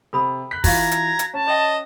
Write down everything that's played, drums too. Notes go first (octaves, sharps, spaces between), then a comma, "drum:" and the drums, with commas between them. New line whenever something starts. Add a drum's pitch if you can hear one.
C3 A4 B5 D#6
F#6 G6 B6
E3 F4 F#4 F5 A#5 G#6, drum: kick, open hi-hat
drum: hi-hat
drum: hi-hat
C#4 A5
C#5 D#5 E5 G5